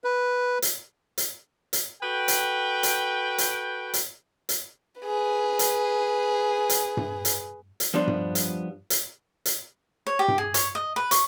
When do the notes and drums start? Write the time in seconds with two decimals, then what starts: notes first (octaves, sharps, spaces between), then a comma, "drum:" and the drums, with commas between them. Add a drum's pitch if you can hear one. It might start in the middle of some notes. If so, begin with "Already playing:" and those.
0.04 B4
0.62 drum: hi-hat
1.18 drum: hi-hat
1.73 drum: hi-hat
2.02 F#4 A4 B4 G5
2.28 drum: hi-hat
2.83 drum: hi-hat
3.38 drum: hi-hat
3.94 drum: hi-hat
4.49 drum: hi-hat
5.01 G#4 B4
5.59 drum: hi-hat
6.70 drum: hi-hat
6.97 drum: tom G2
7.25 drum: hi-hat
7.80 drum: hi-hat
7.94 F3 G3 B3 D4 C5
8.07 drum: tom G2
8.35 drum: hi-hat
8.90 drum: hi-hat
9.45 drum: hi-hat
10.07 C#5
10.19 G4
10.28 drum: tom G2
10.38 G#4
10.54 C#5, drum: hi-hat
10.75 D#5
10.96 B4
11.11 C#6, drum: hi-hat